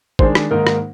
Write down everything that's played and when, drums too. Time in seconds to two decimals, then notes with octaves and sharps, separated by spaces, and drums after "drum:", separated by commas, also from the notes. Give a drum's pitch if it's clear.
0.19 D#3 G#3 D4 G#4 C5, drum: kick A1
0.35 drum: rim click
0.51 G#2 D#3 A#3 D#4 A#4
0.67 drum: rim click